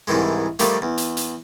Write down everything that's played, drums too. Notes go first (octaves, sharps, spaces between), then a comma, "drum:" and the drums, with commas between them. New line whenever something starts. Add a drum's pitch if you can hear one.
C2 G#2 D#3 E3 G#3
D#3 F3 G3 A3 A#3, drum: hi-hat
E2
drum: hi-hat
drum: hi-hat